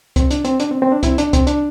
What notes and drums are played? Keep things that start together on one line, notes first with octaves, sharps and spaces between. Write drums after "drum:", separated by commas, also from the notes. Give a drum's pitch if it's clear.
C4, drum: kick C2, hi-hat
D4, drum: hi-hat
C4, drum: hi-hat
D4, drum: hi-hat
C4
C4
D4
C4 E4, drum: kick C2, hi-hat
D4, drum: hi-hat
C4, drum: kick C2, hi-hat
D4, drum: hi-hat